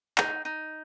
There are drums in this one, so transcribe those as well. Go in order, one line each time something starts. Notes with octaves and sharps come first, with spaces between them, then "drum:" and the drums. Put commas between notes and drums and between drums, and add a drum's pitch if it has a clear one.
D#4, drum: clap
D#4